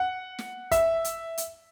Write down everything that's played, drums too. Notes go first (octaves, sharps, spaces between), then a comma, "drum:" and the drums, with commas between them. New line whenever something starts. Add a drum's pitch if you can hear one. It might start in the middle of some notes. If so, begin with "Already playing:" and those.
Already playing: F#5
drum: snare
E5, drum: kick, hi-hat
drum: hi-hat
drum: hi-hat